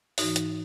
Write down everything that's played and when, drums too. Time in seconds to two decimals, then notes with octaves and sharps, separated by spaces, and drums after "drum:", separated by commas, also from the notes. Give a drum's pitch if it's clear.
0.18 G#2 E3 D#4 F#4, drum: open hi-hat
0.36 drum: hi-hat